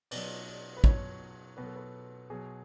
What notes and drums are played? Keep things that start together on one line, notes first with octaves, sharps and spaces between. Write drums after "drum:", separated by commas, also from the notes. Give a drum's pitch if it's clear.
B2 F#3 D5, drum: cymbal
D5
B4
B2 F#3 C#5, drum: kick
B2 F#3 B4
A4
B4
B2 F#3 G#4